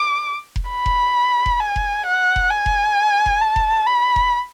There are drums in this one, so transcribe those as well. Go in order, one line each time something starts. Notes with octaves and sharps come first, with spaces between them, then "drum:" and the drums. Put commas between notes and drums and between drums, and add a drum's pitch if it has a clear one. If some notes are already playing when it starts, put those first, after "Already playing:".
Already playing: D6
drum: kick F1
B5
drum: kick F1
drum: kick F1
G#5
drum: kick F1
F#5
drum: kick F1
G#5
drum: kick F1
drum: kick F1
A5
drum: kick F1
B5
drum: kick F1